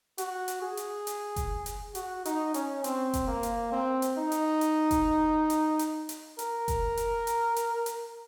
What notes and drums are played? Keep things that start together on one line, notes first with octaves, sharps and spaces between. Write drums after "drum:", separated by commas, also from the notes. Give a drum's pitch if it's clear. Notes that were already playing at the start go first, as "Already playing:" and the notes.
F#4, drum: hi-hat
drum: hi-hat
G#4
drum: hi-hat
drum: hi-hat
drum: kick F#1, hi-hat
drum: hi-hat
F#4, drum: hi-hat
D#4, drum: hi-hat
C#4, drum: hi-hat
C4, drum: hi-hat
drum: kick F#1, hi-hat
A#3
drum: hi-hat
C4
drum: hi-hat
D#4
drum: hi-hat
drum: hi-hat
drum: kick F#1, hi-hat
drum: hi-hat
drum: hi-hat
drum: hi-hat
A#4, drum: hi-hat
drum: kick F#1, hi-hat
drum: hi-hat
drum: hi-hat
drum: hi-hat
drum: hi-hat